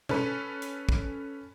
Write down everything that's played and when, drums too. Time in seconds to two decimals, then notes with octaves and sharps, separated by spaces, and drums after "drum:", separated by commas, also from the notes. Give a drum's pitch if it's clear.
0.09 C#4 A4 B4, drum: tom
0.62 drum: hi-hat
0.89 drum: kick